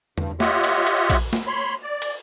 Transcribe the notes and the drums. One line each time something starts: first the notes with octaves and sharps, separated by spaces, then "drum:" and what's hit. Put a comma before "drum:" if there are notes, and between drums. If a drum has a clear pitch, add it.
G2, drum: tom E2
F4 G4 C#5 D#5 E5 F#5, drum: snare
drum: cymbal
drum: cymbal
drum: kick A#1, cymbal
drum: snare
C#5 B5 C6
D5
drum: cymbal